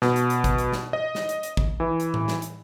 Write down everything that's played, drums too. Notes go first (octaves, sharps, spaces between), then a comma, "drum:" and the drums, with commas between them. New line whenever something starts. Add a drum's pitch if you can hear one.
B2, drum: snare
drum: hi-hat
drum: hi-hat
drum: kick, hi-hat
drum: hi-hat
drum: snare
D#5
drum: snare
drum: hi-hat
drum: hi-hat
drum: kick
E3
drum: hi-hat
drum: tom A2
drum: snare
drum: hi-hat